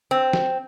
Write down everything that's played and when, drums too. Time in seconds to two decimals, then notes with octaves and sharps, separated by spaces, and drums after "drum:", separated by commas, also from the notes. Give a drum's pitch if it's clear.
0.11 C4
0.33 drum: snare